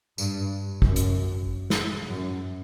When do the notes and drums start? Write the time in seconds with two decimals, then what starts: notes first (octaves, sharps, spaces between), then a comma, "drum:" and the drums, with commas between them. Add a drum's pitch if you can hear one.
0.18 G2, drum: tambourine
0.82 F#2, drum: kick
0.96 drum: hi-hat
1.70 drum: snare
2.09 F#2